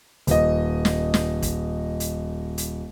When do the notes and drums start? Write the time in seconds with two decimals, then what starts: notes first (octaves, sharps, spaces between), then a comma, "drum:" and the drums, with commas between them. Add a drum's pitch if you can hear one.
0.27 D#1 D#5, drum: hi-hat
0.85 drum: snare
1.14 drum: snare
1.42 drum: kick, hi-hat
2.00 drum: hi-hat
2.58 drum: hi-hat